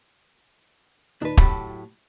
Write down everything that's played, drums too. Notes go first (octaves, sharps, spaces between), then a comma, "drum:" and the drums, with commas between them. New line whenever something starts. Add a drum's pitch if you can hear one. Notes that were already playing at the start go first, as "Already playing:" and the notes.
D#2 A#2 D4 D#4 B4
A2 F#3 G4 A5 B5, drum: kick